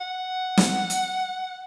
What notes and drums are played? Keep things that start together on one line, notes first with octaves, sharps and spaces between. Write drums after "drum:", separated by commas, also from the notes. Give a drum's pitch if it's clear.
F#5
drum: snare
drum: hi-hat